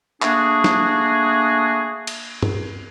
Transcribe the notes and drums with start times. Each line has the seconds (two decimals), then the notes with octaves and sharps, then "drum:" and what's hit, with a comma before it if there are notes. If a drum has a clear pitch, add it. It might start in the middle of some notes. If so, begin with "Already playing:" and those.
0.22 A3 A#3 D4 F#4 G#4, drum: clap
0.64 drum: snare
2.07 drum: cymbal
2.42 drum: tom